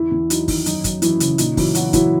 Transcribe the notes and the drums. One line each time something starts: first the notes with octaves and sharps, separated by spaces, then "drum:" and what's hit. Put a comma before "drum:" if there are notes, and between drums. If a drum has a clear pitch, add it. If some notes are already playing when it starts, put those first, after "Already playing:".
Already playing: E2 E3 E4
E2
F#3 D#4, drum: hi-hat
D#3, drum: kick, open hi-hat
F#2 D#4, drum: hi-hat
F#2, drum: kick, hi-hat
E3 F#3 E4, drum: hi-hat
C#3, drum: hi-hat
A#2 D#4, drum: hi-hat
E3 F#3 E4, drum: kick, open hi-hat
A#2 F#3 F#4, drum: hi-hat
E3 F#3 E4, drum: kick, hi-hat